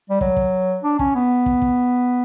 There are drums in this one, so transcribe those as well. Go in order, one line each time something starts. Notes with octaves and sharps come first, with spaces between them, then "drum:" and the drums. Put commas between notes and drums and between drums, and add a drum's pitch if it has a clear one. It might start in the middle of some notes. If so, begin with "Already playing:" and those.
G3
F#3, drum: kick
drum: kick
D4
C#4, drum: kick
B3
drum: kick
drum: kick